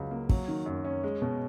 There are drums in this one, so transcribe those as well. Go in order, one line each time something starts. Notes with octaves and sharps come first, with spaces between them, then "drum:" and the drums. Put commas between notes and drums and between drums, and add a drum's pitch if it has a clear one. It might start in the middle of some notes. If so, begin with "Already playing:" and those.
Already playing: C#2 C#3 F#3
A#3
F#3, drum: kick
D#3
F#2
C#4
G#3
B2